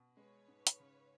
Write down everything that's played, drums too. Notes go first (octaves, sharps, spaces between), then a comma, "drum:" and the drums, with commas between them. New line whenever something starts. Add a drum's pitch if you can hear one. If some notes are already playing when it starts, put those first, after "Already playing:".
Already playing: B2
G#3 B4 C#5
G#2
drum: hi-hat
C#3